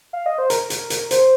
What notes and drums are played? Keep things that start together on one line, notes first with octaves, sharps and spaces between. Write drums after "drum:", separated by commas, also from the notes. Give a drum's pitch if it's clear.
F5
D#5
C5
A#4, drum: hi-hat
drum: hi-hat
drum: hi-hat
C5, drum: hi-hat